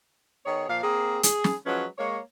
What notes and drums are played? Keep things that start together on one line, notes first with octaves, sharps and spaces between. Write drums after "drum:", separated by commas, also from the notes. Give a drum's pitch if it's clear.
D#3 B3 G#4 C#5
A#2 F3 F5
A#3 C4 G#4
G#4, drum: hi-hat
drum: snare
F3 F#3 G#3 C#4 B4
G#3 A#3 C#5